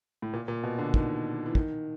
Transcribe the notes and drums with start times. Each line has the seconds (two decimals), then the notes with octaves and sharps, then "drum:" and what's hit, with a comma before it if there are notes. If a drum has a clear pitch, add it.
0.22 A2
0.33 A#2
0.48 A#2
0.63 B2
0.78 D3
0.94 D#3, drum: kick
1.46 E3
1.55 D#3, drum: kick